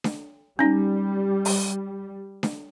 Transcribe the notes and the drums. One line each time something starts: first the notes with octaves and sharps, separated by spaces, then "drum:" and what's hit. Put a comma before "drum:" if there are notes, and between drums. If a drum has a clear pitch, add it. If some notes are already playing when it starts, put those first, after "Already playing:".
drum: snare D4
G3 C#4 D#4
drum: open hi-hat
drum: snare D4